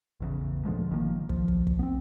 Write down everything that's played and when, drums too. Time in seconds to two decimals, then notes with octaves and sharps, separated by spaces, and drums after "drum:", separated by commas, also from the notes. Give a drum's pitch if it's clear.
0.20 A1 E2 C#3
0.65 A#2 D3 F3 G#3
0.90 G#1 D#3 F3 A#3
1.29 F3, drum: kick
1.48 drum: kick
1.67 drum: kick
1.79 B3 C4